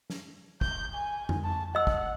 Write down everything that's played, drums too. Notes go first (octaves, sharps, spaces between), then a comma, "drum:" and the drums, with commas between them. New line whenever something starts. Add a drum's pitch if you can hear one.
drum: snare
G6, drum: kick
G#5
drum: tom F2
A5
D#5 F#5 E6
drum: kick